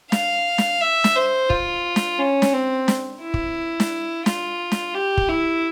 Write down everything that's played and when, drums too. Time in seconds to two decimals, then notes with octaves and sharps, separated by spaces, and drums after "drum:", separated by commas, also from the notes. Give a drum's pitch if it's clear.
0.12 F5, drum: snare
0.58 drum: snare
0.81 E5
1.04 drum: snare
1.16 C5
1.50 F4, drum: kick
1.96 drum: snare
2.19 C#4
2.42 drum: snare
2.53 C4
2.88 drum: snare
3.22 E4
3.34 drum: kick
3.80 drum: snare
4.26 F4, drum: snare
4.72 drum: snare
4.95 G4
5.17 drum: kick
5.29 E4